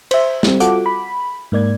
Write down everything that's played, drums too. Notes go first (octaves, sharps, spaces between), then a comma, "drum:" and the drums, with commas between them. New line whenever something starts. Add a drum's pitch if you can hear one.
C5 E5, drum: cymbal
G3 C4, drum: snare
F4 F#4 A4 F#5 D6, drum: hi-hat
B5
G#2 A#3 D5 G#6